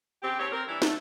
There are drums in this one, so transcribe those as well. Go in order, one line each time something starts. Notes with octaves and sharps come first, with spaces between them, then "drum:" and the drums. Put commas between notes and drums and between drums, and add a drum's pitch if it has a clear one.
C#3 C4 G4
D#2 C4 G4 C#5
C4 A#4
E3 G3 D4 E4
D3 A3, drum: snare